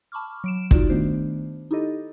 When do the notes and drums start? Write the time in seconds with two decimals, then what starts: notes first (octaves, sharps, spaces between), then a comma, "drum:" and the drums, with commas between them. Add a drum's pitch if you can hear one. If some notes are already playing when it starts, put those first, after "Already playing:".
0.12 A5 B5 C#6 D6 F6
0.44 F#3 D7 E7
0.71 D#4 F4 F#4 D5, drum: kick
0.90 D#3 A3 B3 D4 C5
1.71 D#4 E4 G4 A4 D#5